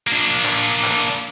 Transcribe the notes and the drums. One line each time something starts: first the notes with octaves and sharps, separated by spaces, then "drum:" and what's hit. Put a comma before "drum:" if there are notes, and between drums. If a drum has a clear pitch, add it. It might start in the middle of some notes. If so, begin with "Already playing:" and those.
A#3 D4, drum: cymbal
drum: clap
drum: clap